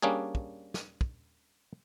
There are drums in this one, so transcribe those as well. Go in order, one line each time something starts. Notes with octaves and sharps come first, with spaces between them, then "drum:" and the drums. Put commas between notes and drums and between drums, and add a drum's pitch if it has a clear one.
G3 A#3 C#4 D4 G#4
drum: kick
drum: snare
drum: kick